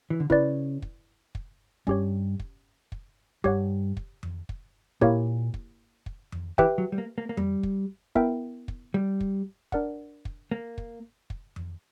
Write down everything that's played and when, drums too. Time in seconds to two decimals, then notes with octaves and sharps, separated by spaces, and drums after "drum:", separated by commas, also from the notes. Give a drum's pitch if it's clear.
0.10 E3
0.20 D3
0.30 C#3 E4 B4 D5, drum: kick
0.82 drum: kick
1.35 drum: kick
1.87 G2 C#4 G4 C#5, drum: kick
2.39 drum: kick
2.92 drum: kick
3.44 G2 G4 C#5 F#5, drum: kick
3.97 drum: kick
4.23 drum: tom F2
4.49 drum: kick
5.01 A#2 A#3 E4 G4 A#4 C#5, drum: kick
5.54 drum: kick
6.06 drum: kick
6.32 drum: tom F2
6.58 E3 G4 B4 E5 G5, drum: kick
6.78 F#3
6.92 G3
6.98 A#3
7.18 A#3
7.29 A#3
7.37 G3, drum: tom F2
7.63 drum: kick
8.15 B3 E4 A#4 E5 G5, drum: kick
8.68 drum: kick
8.94 G3
9.20 drum: kick
9.72 D4 A#4 D5 F#5, drum: kick
10.25 drum: kick
10.51 A#3
10.78 drum: kick
11.30 drum: kick
11.56 drum: tom F2